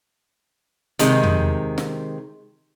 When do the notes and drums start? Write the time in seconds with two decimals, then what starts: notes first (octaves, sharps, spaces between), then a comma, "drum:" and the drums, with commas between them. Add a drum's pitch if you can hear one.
0.99 C3 D#3 G#3, drum: hi-hat
1.23 drum: tom
1.78 drum: snare